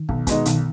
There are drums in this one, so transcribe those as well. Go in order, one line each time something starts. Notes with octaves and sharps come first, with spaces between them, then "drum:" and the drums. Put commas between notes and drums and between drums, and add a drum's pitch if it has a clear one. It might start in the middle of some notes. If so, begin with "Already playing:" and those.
Already playing: D#3
B1, drum: kick
B2 G#3 D#4, drum: kick, hi-hat
B1 D#3, drum: hi-hat